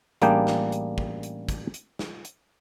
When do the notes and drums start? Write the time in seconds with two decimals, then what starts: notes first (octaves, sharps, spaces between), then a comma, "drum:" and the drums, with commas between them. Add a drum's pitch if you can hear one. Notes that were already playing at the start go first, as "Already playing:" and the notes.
0.22 A1 G3 A#3 D4 G#4 G5, drum: hi-hat
0.47 drum: snare
0.72 drum: hi-hat
0.98 drum: kick
1.23 drum: hi-hat
1.49 drum: kick, hi-hat
1.74 drum: hi-hat
1.99 drum: snare
2.25 drum: hi-hat